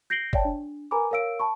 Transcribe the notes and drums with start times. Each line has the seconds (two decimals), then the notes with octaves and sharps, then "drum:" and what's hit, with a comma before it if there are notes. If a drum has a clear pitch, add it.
0.10 G6 A#6 C7 D7 F#7 G7
0.33 C#5 D5 E5 G5 A5, drum: kick
0.45 D4
0.91 A#4 B4 G#5 A#5 B5 D6
1.11 A#4 C#5 F5 E6 D7
1.39 A5 B5 C#6